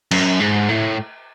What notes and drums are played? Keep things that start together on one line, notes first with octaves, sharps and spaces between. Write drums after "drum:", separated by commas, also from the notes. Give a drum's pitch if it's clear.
F#2, drum: cymbal
G#2
A2